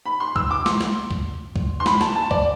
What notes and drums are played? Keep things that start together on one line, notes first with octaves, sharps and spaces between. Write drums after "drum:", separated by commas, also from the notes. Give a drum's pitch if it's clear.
B5
C6
E6, drum: kick C#2
D6
C6, drum: snare
drum: snare
drum: kick C#2
drum: kick C#2
C6
B5, drum: snare
A5, drum: snare
A5
D5, drum: kick C#2